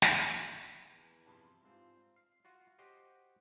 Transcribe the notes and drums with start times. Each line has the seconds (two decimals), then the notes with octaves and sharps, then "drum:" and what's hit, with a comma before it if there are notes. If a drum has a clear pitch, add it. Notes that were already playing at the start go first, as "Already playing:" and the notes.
0.02 drum: snare
0.88 E2 E3
1.26 G2 C3 F3 A5 B5 C6
1.64 G#2 G3 C4 F4
2.16 F5
2.45 F4 F#4
2.79 F#4 G4 C5 D#5